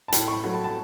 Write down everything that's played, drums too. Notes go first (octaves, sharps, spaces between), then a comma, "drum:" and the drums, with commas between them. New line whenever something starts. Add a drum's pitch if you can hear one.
A5
A2 G5, drum: hi-hat
C#6
B5
F#3 A3
A5
A5